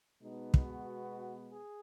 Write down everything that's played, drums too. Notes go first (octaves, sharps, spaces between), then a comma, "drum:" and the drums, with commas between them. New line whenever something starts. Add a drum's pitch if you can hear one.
B2 G#3 B3 D#4
drum: kick
F#4
G#4